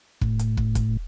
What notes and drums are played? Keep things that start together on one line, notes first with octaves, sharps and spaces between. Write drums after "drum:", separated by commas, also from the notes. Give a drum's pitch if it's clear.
A2, drum: kick
drum: hi-hat
drum: kick
drum: kick, hi-hat